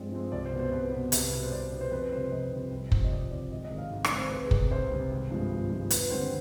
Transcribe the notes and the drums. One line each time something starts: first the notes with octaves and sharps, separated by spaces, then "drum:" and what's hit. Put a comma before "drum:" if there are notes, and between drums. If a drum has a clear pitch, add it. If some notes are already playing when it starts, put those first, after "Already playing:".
Already playing: G2 F3 G#3 C4 D5
F3 G#3 C4
C2 D5
C5
B2 B3
C5
C2 B4
B2 B3 B4
C2, drum: hi-hat
B2 B3
C5
C2 D5
B4
B2 B3
C5
F2 B4
C3 G3 C4 C5
F2 D#5
C3 G3 C4
C2
C3 F3 C4, drum: kick
D#5
C2 D5
C3 F3 C4 D5
G#1 D#5
D#5
G#2 D#3
F5
G#1
D5, drum: rim click
G#2 D#3
C5
C2 B4
G#4
C3 G3, drum: kick
C2 C5
C3 G3
G#1
G2 F3 G#3
G#1
G2 F3 G#3
D#2 B4, drum: hi-hat
D3 G3 C4 C5